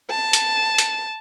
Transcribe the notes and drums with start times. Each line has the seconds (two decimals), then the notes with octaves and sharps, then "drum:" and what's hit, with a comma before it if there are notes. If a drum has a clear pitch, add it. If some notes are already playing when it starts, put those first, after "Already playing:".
0.10 A5
0.33 drum: hi-hat
0.78 drum: hi-hat